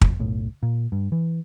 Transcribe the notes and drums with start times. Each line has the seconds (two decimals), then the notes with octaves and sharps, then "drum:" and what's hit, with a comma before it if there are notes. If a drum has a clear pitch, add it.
0.01 F1, drum: kick
0.19 F#1 B1 A2
0.63 A#2
0.92 G2
1.12 E3